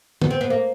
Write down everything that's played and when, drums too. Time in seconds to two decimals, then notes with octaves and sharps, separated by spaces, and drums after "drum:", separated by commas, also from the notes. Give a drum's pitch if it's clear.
0.22 B3, drum: tom
0.31 C4
0.41 B3
0.50 A#3